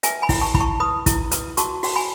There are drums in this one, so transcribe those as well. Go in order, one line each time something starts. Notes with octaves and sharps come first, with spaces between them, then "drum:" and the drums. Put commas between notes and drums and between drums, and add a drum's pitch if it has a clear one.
B4 E5 G#5, drum: hi-hat
G#5 B5
E4, drum: kick, open hi-hat
A5 C#6
E4 B5, drum: kick
A5 C#6
B4 B5 D#6
E4, drum: kick, hi-hat
B4, drum: hi-hat
F#4 A5 C#6, drum: hi-hat
F#4, drum: open hi-hat
G#5 B5